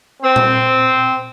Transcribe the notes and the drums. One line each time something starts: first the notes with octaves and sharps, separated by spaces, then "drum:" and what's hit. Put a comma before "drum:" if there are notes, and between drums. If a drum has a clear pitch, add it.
C4
drum: tom